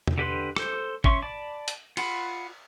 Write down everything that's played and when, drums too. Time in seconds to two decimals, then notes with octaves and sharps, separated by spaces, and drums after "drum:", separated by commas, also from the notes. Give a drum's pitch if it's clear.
0.07 drum: tom E2
0.18 D3 G4 B4 C6
0.57 A4 C5, drum: rim click
1.04 C#4 E5 C6 C#6, drum: kick
1.22 D5 A5 B5 D6
1.68 drum: hi-hat
1.97 F4 F#5 B5, drum: cymbal